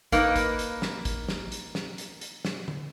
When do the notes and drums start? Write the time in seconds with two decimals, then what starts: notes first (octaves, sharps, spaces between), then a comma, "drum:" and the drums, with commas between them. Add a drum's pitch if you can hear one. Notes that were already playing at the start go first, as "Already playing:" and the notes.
0.12 A#3 D#4 B4, drum: kick, hi-hat
0.36 drum: kick, hi-hat
0.59 drum: hi-hat
0.82 drum: snare
1.05 drum: kick, hi-hat
1.29 drum: snare
1.52 drum: hi-hat
1.75 drum: snare
1.98 drum: hi-hat
2.21 drum: hi-hat
2.45 drum: snare
2.68 drum: tom